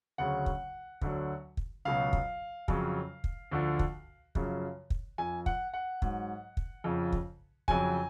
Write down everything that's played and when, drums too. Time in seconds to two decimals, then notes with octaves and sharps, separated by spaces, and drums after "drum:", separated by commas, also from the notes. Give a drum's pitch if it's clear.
0.18 D2 C#3 F#3 F#5
0.46 drum: kick
1.01 D2 D3 F#3, drum: kick
1.57 drum: kick
1.85 C#2 B2 F#3 F5
2.13 drum: kick
2.68 F2 C#3 F#3, drum: kick
3.24 drum: kick
3.51 D2 D3 F3
3.79 drum: kick
4.35 F#2 C#3 F3, drum: kick
4.90 drum: kick
5.18 F2 F3 G#5
5.46 F#5, drum: kick
5.73 F#5
6.02 G#2 F#3, drum: kick
6.57 drum: kick
6.84 F2 C#3 F3
7.12 drum: kick
7.68 F2 C#3 F#3 G#5, drum: kick